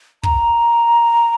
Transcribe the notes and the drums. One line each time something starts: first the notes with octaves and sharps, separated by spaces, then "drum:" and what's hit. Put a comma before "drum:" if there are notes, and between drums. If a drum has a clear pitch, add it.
A#5, drum: kick